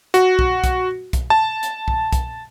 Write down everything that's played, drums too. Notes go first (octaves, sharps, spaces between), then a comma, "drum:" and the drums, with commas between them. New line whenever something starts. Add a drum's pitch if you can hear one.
F#4, drum: hi-hat
drum: kick B1
drum: kick B1, hi-hat
drum: kick B1, hi-hat
A5
drum: hi-hat
drum: kick B1
drum: kick B1, hi-hat